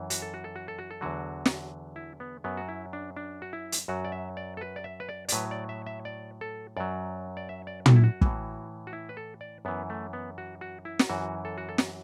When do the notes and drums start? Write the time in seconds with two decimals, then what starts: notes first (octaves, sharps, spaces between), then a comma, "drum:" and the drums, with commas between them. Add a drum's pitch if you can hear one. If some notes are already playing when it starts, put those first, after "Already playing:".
Already playing: F#2 E3
0.10 F#4, drum: hi-hat
0.22 A4
0.34 F#4
0.44 A4
0.56 F#4
0.68 A4
0.79 F#4
0.91 A4
1.01 E2 D3 F#3 F#4
1.45 drum: snare
1.96 E4
2.20 B3
2.44 F#2 F#3 B3
2.57 F#4
2.69 E4
2.93 D4
3.17 D4
3.42 F#4
3.53 E4
3.72 drum: hi-hat
3.88 F#2 F#3 F#4
4.05 D5
4.12 E5
4.37 D5
4.57 A4
4.61 B4
4.76 D5
4.84 E5
5.00 B4
5.09 D5
5.29 D5, drum: hi-hat
5.32 A2 F#3 B4
5.51 D5
5.69 E5
5.87 E5
6.05 D5
6.41 A4
6.77 F#2 F#3 D5
7.37 D5
7.49 E5
7.67 D5
7.86 A4, drum: tom
7.96 E4
8.04 F#4
8.21 A2 E3, drum: kick
8.87 F#4
8.93 E4
9.09 B4
9.17 A4
9.41 D5
9.65 F#2 E3 B3
9.90 A3
10.13 B3
10.38 F#4
10.61 F#4
10.85 E4
10.99 drum: snare
11.09 F#2 E3 F#4
11.45 A4
11.58 F#4
11.69 A4
11.78 drum: snare